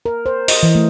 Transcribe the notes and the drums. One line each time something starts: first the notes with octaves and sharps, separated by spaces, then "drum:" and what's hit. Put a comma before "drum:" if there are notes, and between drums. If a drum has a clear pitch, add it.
A#4
C5
D#5, drum: open hi-hat
E3
A3